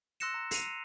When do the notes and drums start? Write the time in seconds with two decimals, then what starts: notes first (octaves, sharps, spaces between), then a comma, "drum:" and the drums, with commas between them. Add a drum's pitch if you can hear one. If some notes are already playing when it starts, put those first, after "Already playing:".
0.20 C6 E6 F#6 A#6 C#7 E7
0.34 A#5
0.51 C7 C#7 D#7 F7, drum: open hi-hat